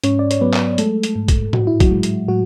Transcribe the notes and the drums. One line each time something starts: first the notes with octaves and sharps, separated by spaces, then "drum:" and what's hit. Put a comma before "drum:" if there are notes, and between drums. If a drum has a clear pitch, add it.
G#2 C#4 C#5, drum: hi-hat
D5
C#5, drum: hi-hat
F#3 B3 B4
drum: clap
G#3 A3 A4, drum: hi-hat
drum: hi-hat
G#2
drum: kick, hi-hat
A2 F#4, drum: tom
E4
F#3 F#4, drum: kick, hi-hat
G#3
drum: hi-hat
A2 F#3 F#4